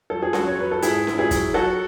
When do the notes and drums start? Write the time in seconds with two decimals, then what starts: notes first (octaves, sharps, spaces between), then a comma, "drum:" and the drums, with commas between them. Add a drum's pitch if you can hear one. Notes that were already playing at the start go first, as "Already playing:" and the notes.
0.10 F#3 A4
0.23 G#4
0.33 F#3 F#4 A4, drum: snare C#4
0.48 C#5
0.59 F#3 B4
0.72 A4
0.82 G#2 E4 G#4, drum: hi-hat
1.07 G#2, drum: snare C#4
1.18 E4 G#4
1.31 F#3, drum: kick, hi-hat
1.54 F#3 F#4 A4